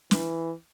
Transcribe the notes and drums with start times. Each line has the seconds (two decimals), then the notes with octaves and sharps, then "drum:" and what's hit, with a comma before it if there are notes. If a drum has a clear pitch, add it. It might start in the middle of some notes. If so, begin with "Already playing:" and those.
0.11 E3, drum: snare